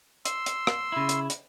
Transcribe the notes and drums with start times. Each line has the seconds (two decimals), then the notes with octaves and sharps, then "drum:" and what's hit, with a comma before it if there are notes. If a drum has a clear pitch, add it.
0.25 C6 E6, drum: hi-hat
0.46 drum: hi-hat
0.67 drum: rim click
0.92 C#3 E4
1.09 drum: hi-hat
1.30 drum: hi-hat